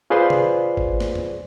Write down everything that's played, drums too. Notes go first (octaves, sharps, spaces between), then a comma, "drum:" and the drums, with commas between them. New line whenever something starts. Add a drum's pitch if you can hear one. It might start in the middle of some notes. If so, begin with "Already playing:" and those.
F4 G#4 B4 C5 D5 C6
drum: tom
drum: kick G#1
drum: snare
drum: tom E2